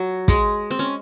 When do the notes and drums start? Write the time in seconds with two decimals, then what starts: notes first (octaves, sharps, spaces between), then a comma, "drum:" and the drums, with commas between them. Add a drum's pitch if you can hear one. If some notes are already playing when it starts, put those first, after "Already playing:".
Already playing: F#3
0.28 G#3, drum: kick, hi-hat
0.71 C4
0.79 C#4